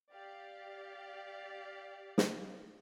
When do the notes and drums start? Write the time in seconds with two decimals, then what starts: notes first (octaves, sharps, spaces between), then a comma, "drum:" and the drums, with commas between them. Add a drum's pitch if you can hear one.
0.13 G4 D5 F5
2.18 drum: snare